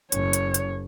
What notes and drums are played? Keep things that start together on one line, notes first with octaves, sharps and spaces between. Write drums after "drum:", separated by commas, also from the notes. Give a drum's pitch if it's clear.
F#1 C#5, drum: hi-hat
drum: hi-hat
drum: hi-hat